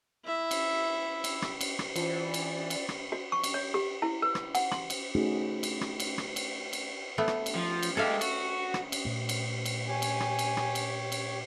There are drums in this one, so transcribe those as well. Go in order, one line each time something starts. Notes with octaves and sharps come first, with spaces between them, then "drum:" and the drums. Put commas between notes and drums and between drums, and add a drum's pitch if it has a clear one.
E4 E5
drum: cymbal
drum: cymbal
drum: rim click
drum: cymbal
drum: rim click
E3 F4 C5 D5 A5, drum: cymbal
drum: cymbal
drum: cymbal
drum: rim click
F#4
C#6
drum: cymbal
C#5
G4
E4
B4
drum: rim click
F#5, drum: cymbal
C6, drum: rim click
drum: cymbal
A3 C#4 D#4 F#4 G#4
drum: cymbal
drum: rim click
drum: cymbal
drum: rim click
drum: cymbal
drum: cymbal
A3 B3
drum: rim click
drum: cymbal
F3
drum: cymbal
G#3 G4 A4 E5 F5
F#4, drum: cymbal
drum: rim click
drum: cymbal
A#2 A3
drum: cymbal
drum: cymbal
G4 C#5 G#5 D6
drum: cymbal
drum: rim click
drum: cymbal
drum: rim click
drum: cymbal
drum: cymbal